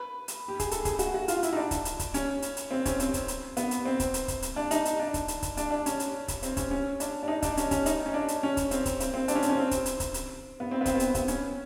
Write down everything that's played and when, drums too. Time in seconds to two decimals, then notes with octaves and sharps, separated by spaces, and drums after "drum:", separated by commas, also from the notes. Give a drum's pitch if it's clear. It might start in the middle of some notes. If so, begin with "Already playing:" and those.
Already playing: B4
0.28 drum: hi-hat
0.48 G4
0.60 G#4, drum: kick C#1, hi-hat
0.71 A4, drum: hi-hat
0.85 G#4, drum: kick C#1, hi-hat
0.99 F#4, drum: hi-hat
1.14 F#4
1.28 F4, drum: hi-hat
1.43 E4, drum: hi-hat
1.53 D#4
1.56 D4
1.71 drum: kick C#1, hi-hat
1.85 drum: hi-hat
1.99 drum: kick C#1, hi-hat
2.14 C#4, drum: hi-hat
2.42 drum: hi-hat
2.57 drum: hi-hat
2.71 C4
2.85 C#4, drum: kick C#1, hi-hat
3.00 C4, drum: hi-hat
3.14 drum: kick C#1, hi-hat
3.28 drum: hi-hat
3.57 B3, drum: hi-hat
3.71 drum: hi-hat
3.85 C4
4.00 drum: kick C#1, hi-hat
4.14 drum: hi-hat
4.28 drum: kick C#1, hi-hat
4.42 drum: hi-hat
4.56 D4
4.71 D#4, drum: hi-hat
4.85 drum: hi-hat
5.00 D4
5.14 drum: kick C#1, hi-hat
5.28 drum: hi-hat
5.43 drum: kick C#1, hi-hat
5.57 D4, drum: hi-hat
5.70 D4
5.86 C#4, drum: hi-hat
6.00 drum: hi-hat
6.28 drum: kick C#1, hi-hat
6.43 C4, drum: hi-hat
6.57 C#4, drum: kick C#1, hi-hat
6.71 C#4
7.00 D4, drum: hi-hat
7.23 D4
7.28 D#4
7.42 D4, drum: kick C#1, hi-hat
7.57 C#4, drum: hi-hat
7.71 C#4, drum: kick C#1, hi-hat
7.86 D#4, drum: hi-hat
8.06 C#4
8.14 D4
8.28 drum: hi-hat
8.43 C#4
8.57 drum: kick C#1, hi-hat
8.71 C4, drum: hi-hat
8.86 drum: kick C#1, hi-hat
9.00 C4, drum: hi-hat
9.14 C4
9.28 D4, drum: hi-hat
9.35 C#4
9.42 C4, drum: hi-hat
9.49 C#4
9.57 C4
9.71 drum: kick C#1, hi-hat
9.86 drum: hi-hat
10.00 drum: kick C#1, hi-hat
10.14 drum: hi-hat
10.60 B3
10.71 C4
10.81 B3
10.86 C4, drum: kick C#1, hi-hat
10.95 B3
11.00 C4, drum: hi-hat
11.15 B3, drum: kick C#1, hi-hat
11.28 C#4, drum: hi-hat